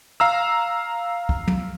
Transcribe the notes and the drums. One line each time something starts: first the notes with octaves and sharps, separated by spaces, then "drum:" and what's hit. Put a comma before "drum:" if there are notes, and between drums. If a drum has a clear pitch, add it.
F5 A#5 E6
drum: kick
drum: tom